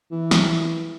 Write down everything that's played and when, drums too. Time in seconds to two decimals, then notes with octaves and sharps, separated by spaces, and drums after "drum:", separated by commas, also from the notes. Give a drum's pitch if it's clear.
0.11 E3
0.31 drum: snare